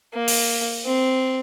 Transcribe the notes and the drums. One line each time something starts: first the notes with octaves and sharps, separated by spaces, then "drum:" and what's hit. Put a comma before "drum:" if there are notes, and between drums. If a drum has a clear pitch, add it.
A#3
drum: open hi-hat
C4